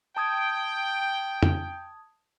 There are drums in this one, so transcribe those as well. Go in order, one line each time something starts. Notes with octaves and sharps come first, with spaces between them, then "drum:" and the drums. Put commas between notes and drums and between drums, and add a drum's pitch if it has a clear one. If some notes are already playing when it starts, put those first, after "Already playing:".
G5 A5 D#6 G#6
drum: tom